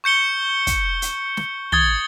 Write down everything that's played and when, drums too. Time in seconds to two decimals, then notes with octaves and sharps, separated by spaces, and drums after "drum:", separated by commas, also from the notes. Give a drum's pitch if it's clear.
0.04 C#6 G6 C#7 G7
0.67 drum: kick, hi-hat
1.02 drum: hi-hat
1.37 drum: snare
1.72 D#6 G#6 A6 G7, drum: tom